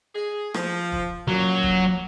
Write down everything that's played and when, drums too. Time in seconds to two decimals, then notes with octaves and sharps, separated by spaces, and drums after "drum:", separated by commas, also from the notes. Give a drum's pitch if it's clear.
0.15 G#4
0.54 F3, drum: rim click
0.92 drum: kick
1.28 F#2 A#2 F#3
1.63 drum: kick